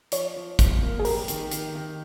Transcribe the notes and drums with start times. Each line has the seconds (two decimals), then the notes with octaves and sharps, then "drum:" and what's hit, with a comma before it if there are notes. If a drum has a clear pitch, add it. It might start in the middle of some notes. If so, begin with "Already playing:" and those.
0.12 F3 C#5, drum: hi-hat
0.36 F3
0.59 F3, drum: kick, hi-hat
0.82 A#3
1.00 G#4
1.05 G4 A#4, drum: open hi-hat
1.28 D#3, drum: hi-hat
1.51 D#3, drum: hi-hat
1.75 D#3